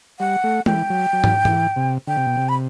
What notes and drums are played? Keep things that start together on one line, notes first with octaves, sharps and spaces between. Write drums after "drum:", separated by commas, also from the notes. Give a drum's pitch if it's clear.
G3 F#5
A3
E3 G5, drum: tom G#3
F#3
F#3
drum: tom
E3, drum: tom G#2
C3
D3 G5
C3
B2
C3
B5